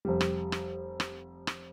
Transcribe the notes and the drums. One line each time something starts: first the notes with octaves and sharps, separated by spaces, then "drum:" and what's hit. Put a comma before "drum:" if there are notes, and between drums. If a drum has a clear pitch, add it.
F1 G3
drum: rim click
drum: rim click
drum: rim click
drum: rim click